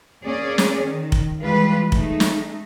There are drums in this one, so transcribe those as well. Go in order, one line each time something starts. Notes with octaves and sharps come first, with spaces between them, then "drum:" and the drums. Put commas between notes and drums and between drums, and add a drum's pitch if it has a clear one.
A#3 C#4 G#4 D5
drum: snare
D#3
drum: kick F1
E3 G3 G#3 F4 B4
G#3 A3 D#4, drum: kick F1
drum: snare